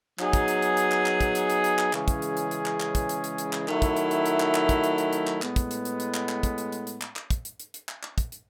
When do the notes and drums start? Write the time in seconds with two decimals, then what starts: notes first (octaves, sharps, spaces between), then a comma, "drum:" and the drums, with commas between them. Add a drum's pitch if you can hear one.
0.19 F#3 B3 D#4 G#4, drum: clap
0.33 drum: kick, hi-hat
0.48 drum: hi-hat
0.62 drum: hi-hat
0.77 drum: hi-hat
0.91 drum: clap
1.06 drum: clap
1.21 drum: kick, hi-hat
1.35 drum: hi-hat
1.50 drum: hi-hat
1.64 drum: hi-hat
1.79 drum: clap
1.93 C#3 E3 G#3 C#4 G#4, drum: clap
2.08 drum: kick, hi-hat
2.22 drum: hi-hat
2.37 drum: hi-hat
2.51 drum: hi-hat
2.66 drum: clap
2.80 drum: clap
2.95 drum: kick, hi-hat
3.09 drum: hi-hat
3.24 drum: hi-hat
3.38 drum: hi-hat
3.53 drum: clap
3.68 D#3 F#3 A3 E4, drum: clap
3.82 drum: kick, hi-hat
3.96 drum: hi-hat
4.11 drum: hi-hat
4.26 drum: hi-hat
4.40 drum: clap
4.55 drum: clap
4.69 drum: kick, hi-hat
4.84 drum: hi-hat
4.98 drum: hi-hat
5.13 drum: hi-hat
5.27 drum: clap
5.42 A2 G#3 B3, drum: clap
5.56 drum: kick, hi-hat
5.71 drum: hi-hat
5.85 drum: hi-hat
6.00 drum: hi-hat
6.14 drum: clap
6.29 drum: clap
6.43 drum: kick, hi-hat
6.58 drum: hi-hat
6.72 drum: hi-hat
6.87 drum: hi-hat
7.01 drum: clap
7.16 drum: clap
7.30 drum: kick, hi-hat
7.45 drum: hi-hat
7.60 drum: hi-hat
7.74 drum: hi-hat
7.89 drum: clap
8.03 drum: clap
8.18 drum: kick, hi-hat
8.32 drum: hi-hat